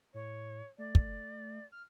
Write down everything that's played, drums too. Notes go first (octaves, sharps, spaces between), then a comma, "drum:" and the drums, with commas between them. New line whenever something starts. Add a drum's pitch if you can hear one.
A2 C#5
A3 D5
drum: kick
F6